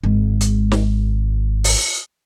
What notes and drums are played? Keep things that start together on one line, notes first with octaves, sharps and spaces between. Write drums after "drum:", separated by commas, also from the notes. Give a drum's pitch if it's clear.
G#1 G#3
drum: hi-hat
drum: snare
drum: open hi-hat